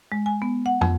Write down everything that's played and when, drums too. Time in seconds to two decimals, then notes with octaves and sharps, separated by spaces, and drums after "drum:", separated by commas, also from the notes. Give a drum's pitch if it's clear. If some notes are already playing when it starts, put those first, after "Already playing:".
0.12 G#3
0.26 G#5
0.42 B3
0.66 F#5
0.81 F2, drum: tom